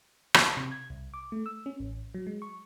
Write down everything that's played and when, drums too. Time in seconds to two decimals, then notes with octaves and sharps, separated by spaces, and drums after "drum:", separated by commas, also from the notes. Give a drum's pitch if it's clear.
0.34 drum: rim click
0.44 A5
0.57 C3
0.72 G#6
0.90 C2
1.14 D6
1.32 A3
1.46 E6
1.66 C#4
1.80 A1
2.15 F#3
2.27 G#3
2.42 C#6